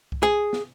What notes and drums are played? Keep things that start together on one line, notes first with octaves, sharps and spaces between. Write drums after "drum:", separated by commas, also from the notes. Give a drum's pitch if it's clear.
drum: kick C2
G#4
drum: snare